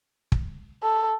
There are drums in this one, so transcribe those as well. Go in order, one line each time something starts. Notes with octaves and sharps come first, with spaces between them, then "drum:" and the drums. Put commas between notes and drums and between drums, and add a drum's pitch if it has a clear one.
drum: kick
A4